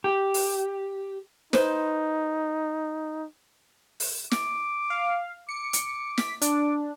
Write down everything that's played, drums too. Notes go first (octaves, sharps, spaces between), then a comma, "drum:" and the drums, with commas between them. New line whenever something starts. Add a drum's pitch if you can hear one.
G4
drum: open hi-hat
D#4 B4 C5, drum: snare
drum: open hi-hat
D6, drum: snare
F5
D6 C#7
drum: hi-hat
B6, drum: snare
D4 D6, drum: hi-hat